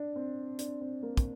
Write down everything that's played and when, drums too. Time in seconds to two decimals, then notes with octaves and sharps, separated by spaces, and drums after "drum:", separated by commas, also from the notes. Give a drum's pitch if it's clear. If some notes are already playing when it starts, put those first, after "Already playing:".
Already playing: D4
0.16 C4
0.59 D4, drum: hi-hat
0.81 C4
1.03 A#3
1.17 drum: kick, hi-hat